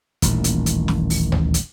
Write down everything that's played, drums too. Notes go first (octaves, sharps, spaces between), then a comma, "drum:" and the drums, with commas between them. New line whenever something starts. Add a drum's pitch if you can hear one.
D#1 A1 A#2 D#3, drum: hi-hat
drum: hi-hat
drum: hi-hat
drum: snare
drum: open hi-hat
drum: tom D2
drum: hi-hat